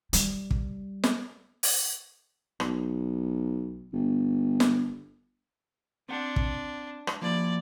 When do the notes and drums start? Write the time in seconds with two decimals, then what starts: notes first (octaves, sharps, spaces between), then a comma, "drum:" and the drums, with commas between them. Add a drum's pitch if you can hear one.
0.13 G3, drum: hi-hat
0.51 drum: kick
1.04 drum: snare
1.63 drum: open hi-hat
2.60 B1, drum: rim click
3.93 G1
4.60 drum: snare
6.09 C4 D4 F#5
6.36 drum: kick
7.07 drum: rim click
7.22 F3 A#3 E4 D5